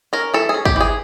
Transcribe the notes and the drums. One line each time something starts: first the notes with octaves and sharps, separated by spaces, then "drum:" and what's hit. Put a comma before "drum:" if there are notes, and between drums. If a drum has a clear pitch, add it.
C#4 A#4
E3 A4
G#4
C#4
G4, drum: kick
E3 G#4